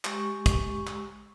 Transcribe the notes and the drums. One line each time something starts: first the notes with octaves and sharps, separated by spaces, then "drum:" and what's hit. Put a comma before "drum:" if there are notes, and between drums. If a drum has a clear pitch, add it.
G#3 G4 C#6, drum: clap
drum: kick, hi-hat
drum: clap